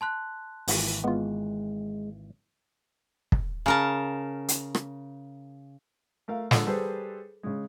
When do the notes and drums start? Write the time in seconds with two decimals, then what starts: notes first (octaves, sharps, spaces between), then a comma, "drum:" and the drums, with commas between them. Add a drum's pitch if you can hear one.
0.01 A5 C6 F#6
0.68 G#1 E3 A#3, drum: open hi-hat
1.04 G#3 B3 F4
3.32 drum: kick
3.66 C#3 A#4 A5
4.48 drum: hi-hat
4.75 drum: rim click
6.28 A3 A#4 F5
6.51 D3 F3 G#3 A4, drum: snare
6.67 G3 G#4 A4 B4 C5
7.43 C#3 G#3